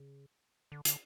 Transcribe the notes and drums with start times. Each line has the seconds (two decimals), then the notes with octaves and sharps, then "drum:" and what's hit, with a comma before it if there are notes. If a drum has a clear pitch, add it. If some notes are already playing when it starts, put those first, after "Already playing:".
Already playing: C#3
0.72 D3
0.85 D3, drum: hi-hat